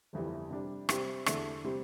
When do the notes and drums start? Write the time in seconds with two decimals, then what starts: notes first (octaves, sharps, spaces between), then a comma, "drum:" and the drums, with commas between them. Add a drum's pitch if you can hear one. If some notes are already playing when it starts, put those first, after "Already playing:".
0.13 G1 F2 E3 G3
0.51 C3 G3 D4
0.89 C3 G3 C4 G4, drum: rim click
1.26 E2 D3 A3 E4 A4, drum: rim click
1.64 C3 G3 C4